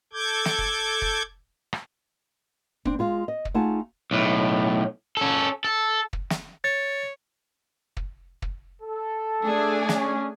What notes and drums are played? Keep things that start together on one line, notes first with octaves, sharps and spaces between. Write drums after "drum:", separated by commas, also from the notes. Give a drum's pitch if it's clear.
A4 D6 G6 G#6
drum: snare
drum: kick
drum: kick
drum: rim click
C4 D4, drum: kick
G#3 F4 F5
D#5
drum: kick
A3 D#4 F4 G#4 F#5 A5
B1 A2
C#4 A4
A4
drum: kick
drum: snare
C#5 A6
drum: kick
drum: kick
A4
A3 D4 G#4
C#4, drum: snare